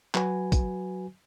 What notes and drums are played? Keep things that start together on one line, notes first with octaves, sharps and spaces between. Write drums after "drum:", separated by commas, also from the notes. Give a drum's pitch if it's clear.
F#3 F#4 B4 G#5, drum: clap
drum: kick, hi-hat